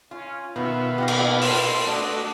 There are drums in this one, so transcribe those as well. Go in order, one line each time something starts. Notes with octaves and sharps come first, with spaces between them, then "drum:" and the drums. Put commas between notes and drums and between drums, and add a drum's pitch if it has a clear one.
C#4 F4
B2 D#3 B3 F4 E5
A#3 D#4 G4 F5
drum: cymbal
C6, drum: open hi-hat
A3 D4 F#4 D5 D#5